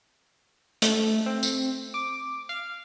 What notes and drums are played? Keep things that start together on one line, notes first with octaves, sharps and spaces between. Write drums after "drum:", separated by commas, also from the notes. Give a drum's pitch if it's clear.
A3, drum: hi-hat
C4
drum: tambourine
D6
F5